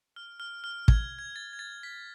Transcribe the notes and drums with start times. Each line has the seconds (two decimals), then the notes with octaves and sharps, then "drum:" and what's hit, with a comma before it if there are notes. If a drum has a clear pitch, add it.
0.16 F6
0.40 F6
0.64 F6
0.88 G#6, drum: kick
1.19 G#6
1.36 A6
1.53 G#6
1.59 A6
1.83 B6